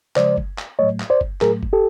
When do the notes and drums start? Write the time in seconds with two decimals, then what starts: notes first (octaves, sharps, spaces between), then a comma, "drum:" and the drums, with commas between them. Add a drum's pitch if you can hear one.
0.16 C#3 F3 G#3 C5 D5, drum: clap
0.38 drum: kick F#1
0.58 drum: clap
0.79 A2 F#3 A3 C#5 D#5
1.00 drum: clap
1.10 C5 D5
1.21 drum: kick F#1
1.41 A2 F#3 A3 G#4 A#4, drum: clap
1.63 drum: kick F#1
1.73 G4 A4